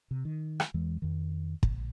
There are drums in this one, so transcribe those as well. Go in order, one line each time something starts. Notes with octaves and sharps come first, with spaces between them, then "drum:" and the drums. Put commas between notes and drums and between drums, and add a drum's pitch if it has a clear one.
C3
D#3
drum: rim click
E2 E3 G#3
F2 D#3
A#1, drum: kick